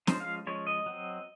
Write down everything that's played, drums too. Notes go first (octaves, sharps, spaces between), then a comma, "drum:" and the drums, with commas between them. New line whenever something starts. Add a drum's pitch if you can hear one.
F3 G#3 C#4 C5, drum: snare
F5
F3 G#3 C#4 C#5
D#5
F#3 C4